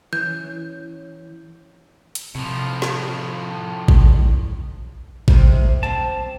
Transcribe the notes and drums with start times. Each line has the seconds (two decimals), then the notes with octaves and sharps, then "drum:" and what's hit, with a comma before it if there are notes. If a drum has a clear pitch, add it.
0.13 E3 C#4 E4 C#5 G6
2.15 drum: hi-hat
2.35 A2 C3 F3
2.82 drum: snare
3.88 drum: kick G#1
5.28 C3 G3 G#3, drum: kick G#1
5.83 G3 C4 A5